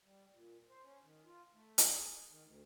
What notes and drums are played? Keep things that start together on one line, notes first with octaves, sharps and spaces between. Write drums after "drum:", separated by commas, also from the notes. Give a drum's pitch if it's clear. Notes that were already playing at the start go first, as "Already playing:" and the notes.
G3
A#2
C5
C#4
D#3
F4
A3
drum: hi-hat
G#4
D#3
D2